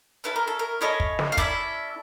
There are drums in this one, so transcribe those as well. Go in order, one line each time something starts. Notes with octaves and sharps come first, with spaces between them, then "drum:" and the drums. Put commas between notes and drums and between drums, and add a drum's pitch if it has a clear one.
C#4 E4 A4 B4
A#4
A4
A#4
C#4 E4 A4 C#5 D#5
drum: kick
drum: snare
F5
C#4 E4 A4 D5 E5, drum: kick